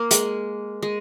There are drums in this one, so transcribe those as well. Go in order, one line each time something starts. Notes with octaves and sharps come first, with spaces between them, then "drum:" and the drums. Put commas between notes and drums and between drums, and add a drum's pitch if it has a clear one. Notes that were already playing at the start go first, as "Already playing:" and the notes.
Already playing: A#3
G#3, drum: hi-hat
G#3